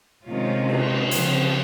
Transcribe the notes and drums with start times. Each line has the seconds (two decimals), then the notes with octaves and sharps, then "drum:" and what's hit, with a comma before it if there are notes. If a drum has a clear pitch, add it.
0.25 C3 D#3 G#3 C#4 F4
0.69 drum: cymbal
1.11 C#3 F3 C4, drum: hi-hat